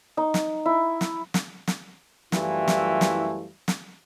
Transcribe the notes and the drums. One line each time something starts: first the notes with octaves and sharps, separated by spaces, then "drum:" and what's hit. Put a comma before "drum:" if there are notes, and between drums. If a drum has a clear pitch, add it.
D#4
drum: snare
E4
drum: snare
drum: snare
drum: snare
F#2 E3 G3 A3 E4 F4, drum: snare
drum: snare
drum: snare
drum: snare